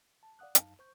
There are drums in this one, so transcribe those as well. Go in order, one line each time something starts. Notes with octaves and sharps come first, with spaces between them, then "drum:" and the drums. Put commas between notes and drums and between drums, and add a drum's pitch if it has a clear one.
A5
D5 F5 F#5 D#6 F#6
F#2 D#4 F5 A5, drum: hi-hat
C5 C#6 G6